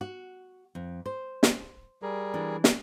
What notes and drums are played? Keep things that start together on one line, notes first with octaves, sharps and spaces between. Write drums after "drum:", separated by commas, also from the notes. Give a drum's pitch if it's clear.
F#4
F2
C5
drum: snare
G3 G#4 A#4
E3 D4
drum: snare